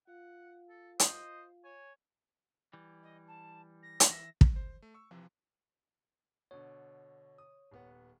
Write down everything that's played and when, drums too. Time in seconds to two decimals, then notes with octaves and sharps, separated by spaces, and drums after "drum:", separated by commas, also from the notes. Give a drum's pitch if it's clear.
0.07 F4 F5 F#5
0.69 A4
1.00 C5 D#5, drum: hi-hat
1.65 C#5 G#5
2.73 E3 G3
3.03 D#5
3.27 A5
3.83 A#6
4.00 drum: hi-hat
4.09 E3 E5 A#6
4.41 drum: kick
4.56 C5
4.82 A3
4.94 C#6 E6
5.11 C3 E3 F3
6.51 B2 D3 C#5
7.38 D#6
7.71 D#1 B3 F#5